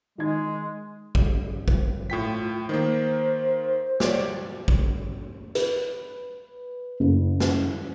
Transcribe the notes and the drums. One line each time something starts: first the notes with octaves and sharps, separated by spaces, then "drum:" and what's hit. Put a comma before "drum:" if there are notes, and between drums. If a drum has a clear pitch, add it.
D#3 G#3 G#6
drum: kick
drum: kick
A2 F4 G5 B6
D#3 A#3 C5
G4 C#5 D5, drum: snare
drum: kick
B4, drum: hi-hat
F#1
drum: snare